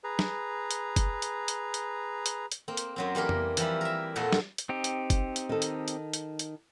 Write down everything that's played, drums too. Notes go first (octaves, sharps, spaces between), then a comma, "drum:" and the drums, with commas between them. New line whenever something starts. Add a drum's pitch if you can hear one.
G#4 B4 A#5
drum: snare
drum: hi-hat
drum: kick, hi-hat
drum: hi-hat
drum: hi-hat
drum: hi-hat
drum: hi-hat
drum: hi-hat
A#3 C4
drum: hi-hat
F#2 F#3 C4
E3 G3 A#3 A#4
drum: tom F2
E3 F3 G3 E4, drum: hi-hat
A#4 E5
F2 A#2 F3 F#4 A4 C6
drum: snare
drum: hi-hat
C4 D#4 G4
drum: hi-hat
drum: kick, hi-hat
drum: hi-hat
D#3 A4
drum: hi-hat
drum: hi-hat
drum: hi-hat
drum: hi-hat